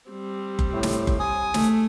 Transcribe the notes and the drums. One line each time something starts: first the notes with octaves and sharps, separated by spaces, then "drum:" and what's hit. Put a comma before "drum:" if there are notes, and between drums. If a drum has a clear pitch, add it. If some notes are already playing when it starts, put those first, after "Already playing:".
G3 C4
drum: kick F#1
A2
drum: snare
drum: kick F#1
G#5 D#6
A3, drum: snare